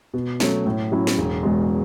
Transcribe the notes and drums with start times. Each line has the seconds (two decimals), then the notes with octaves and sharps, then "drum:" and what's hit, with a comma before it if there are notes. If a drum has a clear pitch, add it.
0.14 B2
0.40 F#3 A3 C#4, drum: snare
0.66 A2
0.92 F#3 C#4 E4
1.07 drum: snare
1.18 E1
1.43 E2 B2 G#3